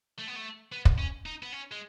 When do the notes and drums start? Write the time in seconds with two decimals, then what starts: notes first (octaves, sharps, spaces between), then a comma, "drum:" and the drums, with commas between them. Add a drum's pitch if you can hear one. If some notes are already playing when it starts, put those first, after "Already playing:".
0.19 A3
0.27 B3
0.36 A3
0.72 B3
0.85 drum: kick
0.98 C#4
1.26 D#4
1.43 B3
1.52 C#4
1.71 G#3